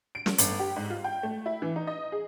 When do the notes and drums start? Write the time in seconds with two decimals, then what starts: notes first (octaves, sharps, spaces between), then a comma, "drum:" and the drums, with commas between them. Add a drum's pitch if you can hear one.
0.15 D7
0.26 drum: snare
0.38 G1, drum: hi-hat
0.59 G4
0.76 G#2
0.90 F4
1.04 G5
1.23 A3
1.46 E4
1.62 E3
1.76 D#4
1.87 D#5
2.12 G#4